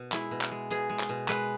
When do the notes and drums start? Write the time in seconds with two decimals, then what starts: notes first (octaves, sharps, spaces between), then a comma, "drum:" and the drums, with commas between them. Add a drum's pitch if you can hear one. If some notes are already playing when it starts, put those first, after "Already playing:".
Already playing: B2
0.12 G#3 E4, drum: clap
0.31 B2
0.41 drum: clap
0.51 G#3
0.70 B2 G#4, drum: hi-hat
0.90 G#3
1.00 drum: clap
1.09 B2
1.28 G#3 B4, drum: clap